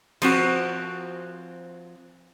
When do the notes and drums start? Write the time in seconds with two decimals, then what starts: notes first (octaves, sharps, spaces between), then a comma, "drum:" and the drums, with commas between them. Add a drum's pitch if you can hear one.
0.22 F3 C4 F#4, drum: cymbal